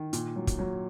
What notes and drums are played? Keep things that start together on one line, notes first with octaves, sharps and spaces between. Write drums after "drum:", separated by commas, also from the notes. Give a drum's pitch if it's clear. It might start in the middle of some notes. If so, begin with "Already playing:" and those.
Already playing: D#3
A#2, drum: hi-hat
F#3
drum: kick, hi-hat
F#3